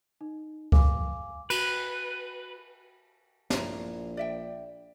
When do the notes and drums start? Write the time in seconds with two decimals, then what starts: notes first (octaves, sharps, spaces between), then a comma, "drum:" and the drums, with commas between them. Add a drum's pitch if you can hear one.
0.21 D#4
0.72 F5 G#5 D6, drum: kick C#2
1.50 F#4 B4 G7, drum: cymbal
3.50 A#1 E4 A#5, drum: snare
4.17 D5 E5 G5